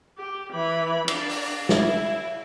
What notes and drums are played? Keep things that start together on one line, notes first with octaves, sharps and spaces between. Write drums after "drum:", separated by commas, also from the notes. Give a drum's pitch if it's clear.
G4
E3 B5
D4, drum: cymbal
drum: open hi-hat
E4, drum: snare